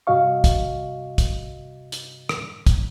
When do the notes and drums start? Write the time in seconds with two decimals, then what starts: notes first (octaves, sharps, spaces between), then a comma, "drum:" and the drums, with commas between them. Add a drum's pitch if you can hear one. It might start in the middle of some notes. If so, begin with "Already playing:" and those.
0.07 G2 C3 F#4 D#5 F5 C#6
0.44 drum: kick, hi-hat
1.18 drum: kick, hi-hat
1.92 drum: hi-hat
2.29 drum: rim click
2.67 drum: kick, hi-hat